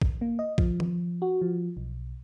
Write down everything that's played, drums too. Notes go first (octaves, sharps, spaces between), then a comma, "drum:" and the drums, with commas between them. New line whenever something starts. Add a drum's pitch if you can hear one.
A1, drum: kick A#1
A#3
D#5
F3, drum: kick A#1
drum: tom D#3
F#4
F3
B1